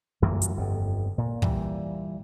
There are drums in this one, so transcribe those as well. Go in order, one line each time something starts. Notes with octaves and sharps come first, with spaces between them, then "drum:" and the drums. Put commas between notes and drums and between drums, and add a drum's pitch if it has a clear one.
G1 F#2 E3 A#3
drum: hi-hat
G1 F2
A#2
A#2 E3 G3, drum: kick